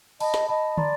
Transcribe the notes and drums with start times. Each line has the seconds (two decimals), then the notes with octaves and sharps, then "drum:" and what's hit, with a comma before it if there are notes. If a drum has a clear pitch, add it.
0.20 D#5 A5 B5, drum: cymbal
0.34 drum: snare
0.49 D#5 A5 B5
0.77 D5 A#5 C6, drum: tom